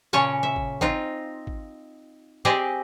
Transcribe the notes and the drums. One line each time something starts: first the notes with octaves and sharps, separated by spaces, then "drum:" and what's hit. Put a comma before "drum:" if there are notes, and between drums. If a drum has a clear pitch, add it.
A#2 C#3 C#4 C#5 A5
E5
drum: kick G#1
C4 D#4 F4, drum: kick G#1
drum: kick G#1
C4 G4 G#4 D5 D#5